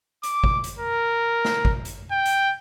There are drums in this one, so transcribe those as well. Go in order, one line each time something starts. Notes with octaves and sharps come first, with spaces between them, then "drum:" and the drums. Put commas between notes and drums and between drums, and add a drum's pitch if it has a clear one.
D6, drum: hi-hat
drum: kick
drum: hi-hat
A#4
drum: snare
drum: kick
drum: hi-hat
G5
drum: hi-hat